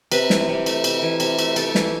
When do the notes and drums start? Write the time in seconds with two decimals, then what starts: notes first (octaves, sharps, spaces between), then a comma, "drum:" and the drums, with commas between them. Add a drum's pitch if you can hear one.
0.12 C3 B4, drum: cymbal
0.30 E3, drum: snare
0.49 C3
0.66 A3, drum: cymbal
0.84 C3, drum: cymbal
1.02 E3
1.20 C3, drum: cymbal
1.39 A3, drum: cymbal
1.56 C3 A4, drum: cymbal
1.75 E3, drum: snare